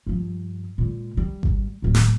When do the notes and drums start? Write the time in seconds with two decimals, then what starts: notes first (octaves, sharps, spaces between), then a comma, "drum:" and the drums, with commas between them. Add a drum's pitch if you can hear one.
0.06 G2 F3
0.78 A#2 G#3
1.17 G3
1.43 drum: kick G#1
1.82 D1 A2
1.95 drum: snare